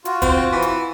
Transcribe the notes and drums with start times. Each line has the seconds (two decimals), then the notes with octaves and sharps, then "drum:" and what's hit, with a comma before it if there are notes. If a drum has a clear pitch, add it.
0.05 F4 F#4, drum: hi-hat
0.22 C4, drum: kick, hi-hat
0.52 E3
0.62 drum: hi-hat